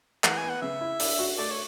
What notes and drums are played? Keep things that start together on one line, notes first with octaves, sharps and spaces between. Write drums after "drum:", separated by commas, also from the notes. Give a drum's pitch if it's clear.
E3 F#5, drum: clap
G#5
B3
F#5
C#3 E5
E4
D4, drum: open hi-hat
F#4
A3 D5
C#5